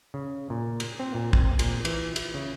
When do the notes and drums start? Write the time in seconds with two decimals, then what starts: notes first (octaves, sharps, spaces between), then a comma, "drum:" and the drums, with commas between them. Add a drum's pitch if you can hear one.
0.14 C#3
0.50 A#2
0.80 drum: cymbal
1.00 C4
1.15 A#2
1.33 C4, drum: kick
1.59 A#2, drum: cymbal
1.85 E3, drum: cymbal
2.16 E4, drum: cymbal
2.34 C#3